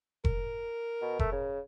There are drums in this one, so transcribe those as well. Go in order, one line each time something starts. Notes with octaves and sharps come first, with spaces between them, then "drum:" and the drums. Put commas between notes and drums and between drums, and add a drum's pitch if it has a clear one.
A#4, drum: kick F1
B2
A3, drum: kick F1
C#3